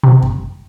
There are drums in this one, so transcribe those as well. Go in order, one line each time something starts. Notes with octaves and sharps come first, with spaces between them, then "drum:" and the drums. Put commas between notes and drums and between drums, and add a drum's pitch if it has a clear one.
C3
drum: kick F#2